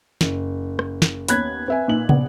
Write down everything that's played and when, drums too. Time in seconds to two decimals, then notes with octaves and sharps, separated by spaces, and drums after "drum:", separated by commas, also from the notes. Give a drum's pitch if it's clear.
0.21 F#1, drum: snare
0.79 drum: rim click
1.02 drum: snare
1.28 D#2 B3 C#4 B5 F#6 G#6, drum: hi-hat
1.68 C4 B4 E5 G#5
1.88 A#2 D#4 F#7
2.09 A#1 B3 D5 F#5, drum: tom